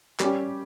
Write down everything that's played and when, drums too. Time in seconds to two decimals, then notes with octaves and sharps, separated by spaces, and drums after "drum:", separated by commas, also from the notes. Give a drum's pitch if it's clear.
0.20 G3 C#4 G4, drum: clap